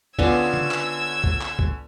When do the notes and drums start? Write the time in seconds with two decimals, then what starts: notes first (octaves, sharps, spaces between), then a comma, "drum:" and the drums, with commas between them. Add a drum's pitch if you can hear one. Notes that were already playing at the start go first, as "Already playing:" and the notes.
0.19 D3 B3 C#4 F4 D5 G#5 E6 G#6, drum: kick C#2
0.54 drum: tom C#3
0.71 drum: clap
1.24 drum: kick C#2
1.41 drum: clap
1.59 drum: kick C#2